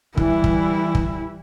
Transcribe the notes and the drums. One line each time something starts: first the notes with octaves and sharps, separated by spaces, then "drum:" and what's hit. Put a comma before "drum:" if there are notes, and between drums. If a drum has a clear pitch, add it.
E3 G3 E4, drum: kick
drum: kick
drum: kick